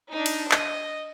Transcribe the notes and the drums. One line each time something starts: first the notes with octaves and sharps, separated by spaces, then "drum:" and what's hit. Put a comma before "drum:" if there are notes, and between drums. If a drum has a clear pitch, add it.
D4 D#4
drum: cymbal
D#5, drum: clap